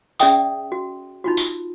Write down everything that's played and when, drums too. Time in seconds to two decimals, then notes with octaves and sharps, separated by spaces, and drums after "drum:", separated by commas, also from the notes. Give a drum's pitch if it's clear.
0.20 C#4 G#4 D5 E5 G5 D#6, drum: tambourine
0.72 F#4
1.24 D#4 F4 F#4
1.37 drum: tambourine